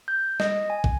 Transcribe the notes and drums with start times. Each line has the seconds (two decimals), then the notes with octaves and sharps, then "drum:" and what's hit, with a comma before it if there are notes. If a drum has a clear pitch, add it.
0.08 G6
0.40 D#5, drum: snare
0.70 G#5
0.84 drum: kick